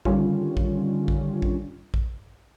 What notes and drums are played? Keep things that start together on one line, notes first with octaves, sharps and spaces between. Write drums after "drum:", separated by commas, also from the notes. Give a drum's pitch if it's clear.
D3 D#3 G3 C#4 F4, drum: kick
drum: kick
drum: kick
drum: kick
drum: kick